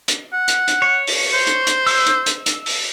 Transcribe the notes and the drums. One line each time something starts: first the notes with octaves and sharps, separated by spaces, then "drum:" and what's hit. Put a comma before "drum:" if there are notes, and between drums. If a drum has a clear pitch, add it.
drum: hi-hat
F#5
drum: hi-hat
drum: hi-hat
C#5
drum: open hi-hat
C5
drum: hi-hat
drum: hi-hat
E6, drum: open hi-hat
drum: hi-hat
drum: hi-hat
drum: hi-hat
drum: open hi-hat